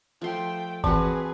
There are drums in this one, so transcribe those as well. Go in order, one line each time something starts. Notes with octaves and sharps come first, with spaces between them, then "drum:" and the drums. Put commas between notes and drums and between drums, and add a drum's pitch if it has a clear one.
F3 A3 G5 C6
E3 C4 F#4 G#4 B4 A5 C6, drum: kick